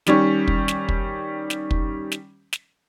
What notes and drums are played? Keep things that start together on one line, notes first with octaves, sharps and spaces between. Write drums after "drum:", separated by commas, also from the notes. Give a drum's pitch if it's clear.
D#3 G3 C#4, drum: snare
drum: kick
drum: snare
drum: kick
drum: snare
drum: kick
drum: snare
drum: snare